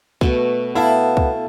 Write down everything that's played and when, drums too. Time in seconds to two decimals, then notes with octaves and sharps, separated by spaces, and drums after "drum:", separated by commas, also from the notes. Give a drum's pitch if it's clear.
0.21 B2 A3 F#4, drum: kick
0.75 B3 E4 A4 F5 A5
1.17 drum: kick